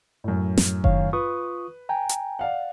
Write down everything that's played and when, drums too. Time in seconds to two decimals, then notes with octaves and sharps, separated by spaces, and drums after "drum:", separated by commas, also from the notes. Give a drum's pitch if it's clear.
0.24 F#2 A2
0.58 drum: snare
0.84 D#3 C#5 F5, drum: kick F#1
1.13 F4 B4 C#6 D#6
1.89 G5 G#5 A#5
2.09 drum: hi-hat
2.39 D5 F5 F#5